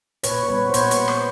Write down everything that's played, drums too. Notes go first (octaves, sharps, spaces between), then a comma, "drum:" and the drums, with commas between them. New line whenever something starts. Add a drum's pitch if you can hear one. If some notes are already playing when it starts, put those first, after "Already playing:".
A#2 B4 C#5, drum: hi-hat
G3 B3 B4 C#5
C5
A#2 B4 C#5, drum: hi-hat
drum: hi-hat
drum: rim click